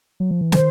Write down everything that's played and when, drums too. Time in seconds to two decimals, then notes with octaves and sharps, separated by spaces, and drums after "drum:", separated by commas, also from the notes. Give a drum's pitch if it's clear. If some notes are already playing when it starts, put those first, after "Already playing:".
0.20 F#3
0.31 F3
0.41 E3
0.52 D#3 C5, drum: snare